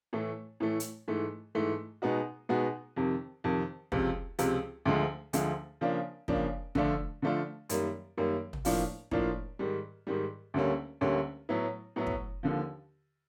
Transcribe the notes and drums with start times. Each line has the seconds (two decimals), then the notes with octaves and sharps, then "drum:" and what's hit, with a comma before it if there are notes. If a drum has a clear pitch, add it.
0.13 A2 E3 A3
0.60 A2 E3 A3
0.80 drum: hi-hat
1.08 G#2 E3 A3
1.55 G#2 E3 A3
2.02 B2 G#3 B3 D#4 F#4
2.49 B2 G#3 B3 D#4 F#4
2.96 F2 C3 D#3
3.44 F2 C3 D#3
3.92 C#2 C3 F3, drum: kick
4.39 C#2 C3 F3, drum: hi-hat
4.85 D2 D3 F3 G#3
5.33 D2 D3 F3 G#3, drum: hi-hat
5.81 C#3 F3 A#3 D4
6.28 C#3 F3 A#3 D4, drum: kick
6.75 D3 F3 A3 D4 F4, drum: tom
7.22 D3 F3 A3 D4 F4
7.69 F#2 D#3 G3 A#3, drum: hi-hat
8.17 F#2 D#3 G3 A#3
8.53 drum: tom
8.65 A2 F3 A#3 D4 F4, drum: open hi-hat
9.11 A2 F3 A#3 D4 F4, drum: kick
9.59 G#2 D#3 G3
10.07 G#2 D#3 G3
10.54 D2 D3 G3 A#3 C#4
11.01 D2 D3 G3 A#3 C#4
11.49 A2 F#3 B3 E4
11.96 A2 F#3 B3 E4
12.07 drum: kick
12.43 D#2 D3 F3